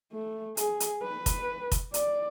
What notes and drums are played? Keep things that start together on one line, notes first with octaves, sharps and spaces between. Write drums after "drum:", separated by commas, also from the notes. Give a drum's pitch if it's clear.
A3
G#4, drum: hi-hat
drum: hi-hat
B4
drum: kick, hi-hat
drum: kick, hi-hat
D5, drum: hi-hat